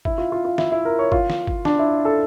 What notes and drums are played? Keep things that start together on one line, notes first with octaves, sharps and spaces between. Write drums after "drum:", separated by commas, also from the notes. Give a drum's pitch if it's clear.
E4, drum: kick G1
F4
F4
F4
E4, drum: snare
E4
A#4
C#5
F4, drum: kick G1
drum: snare
drum: kick G1
D4, drum: snare
E4
A4